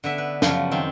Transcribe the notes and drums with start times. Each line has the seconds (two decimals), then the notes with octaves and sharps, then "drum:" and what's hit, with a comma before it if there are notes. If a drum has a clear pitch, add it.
0.04 D3 B3 E5
0.18 B4
0.42 F#2 C#3 F3 F#3, drum: snare
0.71 D#3 C4